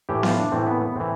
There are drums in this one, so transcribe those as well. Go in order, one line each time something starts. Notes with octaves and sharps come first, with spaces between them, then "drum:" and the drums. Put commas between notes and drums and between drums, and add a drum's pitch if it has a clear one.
A2 E3 G4
F4, drum: snare B3
D4
A2 E3 C4
B3
B3
A2 E3 C4